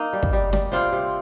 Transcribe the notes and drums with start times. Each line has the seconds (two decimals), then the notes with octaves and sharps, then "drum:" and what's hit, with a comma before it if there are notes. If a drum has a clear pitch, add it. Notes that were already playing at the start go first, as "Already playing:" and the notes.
Already playing: A#3 D#4
0.13 G3
0.23 drum: kick
0.33 G3
0.53 G3, drum: snare
0.72 C3 C4 F4
0.92 C3